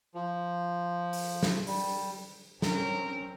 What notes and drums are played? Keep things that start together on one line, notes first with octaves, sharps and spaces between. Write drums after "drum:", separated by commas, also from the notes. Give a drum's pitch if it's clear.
F3
drum: open hi-hat
drum: snare
G3, drum: open hi-hat
C4 C#4 A#4, drum: snare